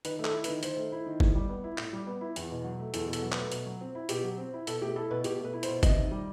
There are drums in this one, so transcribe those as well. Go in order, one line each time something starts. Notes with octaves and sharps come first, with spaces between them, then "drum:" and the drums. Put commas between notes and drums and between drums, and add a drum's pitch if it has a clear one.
D#3 B4, drum: hi-hat
A3
A4, drum: clap
E4
B4, drum: hi-hat
D#3
D#3 C5, drum: hi-hat
A3
E4
D#3
A2, drum: kick G1
G3
B3
E4
A2, drum: clap
G3
B3
E4
E2, drum: hi-hat
B2
F#3
A3
E2 A4, drum: hi-hat
B2
A4, drum: hi-hat
F#3
A3 B4, drum: clap
B2, drum: hi-hat
F#3
C4
E4
B2 G4, drum: hi-hat
F#3
C4
E4
B2 A4, drum: hi-hat
A3 G4
E4 A4
B2 B4
B2 G4, drum: hi-hat
A3 B4
E4
C5, drum: hi-hat
B2
C3 D#5, drum: kick G1, hi-hat
D#3
G3